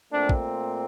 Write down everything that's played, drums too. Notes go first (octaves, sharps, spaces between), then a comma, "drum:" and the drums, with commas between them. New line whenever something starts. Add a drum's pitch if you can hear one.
A#2 A3 C4 D4
drum: kick